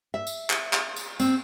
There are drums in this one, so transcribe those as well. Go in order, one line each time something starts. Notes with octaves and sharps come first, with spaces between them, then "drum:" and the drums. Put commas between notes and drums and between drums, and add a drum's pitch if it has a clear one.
E5
drum: tambourine
drum: clap
drum: clap
drum: tambourine
C4, drum: tambourine